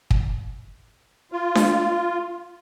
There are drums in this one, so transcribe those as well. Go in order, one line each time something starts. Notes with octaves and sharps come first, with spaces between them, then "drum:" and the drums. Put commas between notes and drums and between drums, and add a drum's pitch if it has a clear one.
drum: kick
F4
drum: snare D4